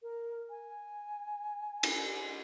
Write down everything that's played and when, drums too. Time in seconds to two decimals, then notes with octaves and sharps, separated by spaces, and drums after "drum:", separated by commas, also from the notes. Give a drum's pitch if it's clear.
0.03 A#4
0.50 G#5
1.83 drum: cymbal